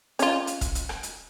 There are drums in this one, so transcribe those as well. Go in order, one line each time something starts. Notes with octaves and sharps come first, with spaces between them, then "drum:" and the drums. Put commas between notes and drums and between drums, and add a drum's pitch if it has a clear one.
C#4 F4, drum: hi-hat
drum: hi-hat
drum: kick, hi-hat
drum: hi-hat
drum: rim click
drum: hi-hat